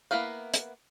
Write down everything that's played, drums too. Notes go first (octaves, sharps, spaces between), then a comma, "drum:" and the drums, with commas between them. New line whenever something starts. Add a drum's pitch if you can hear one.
A#3 B3 E4 B4 F5
drum: hi-hat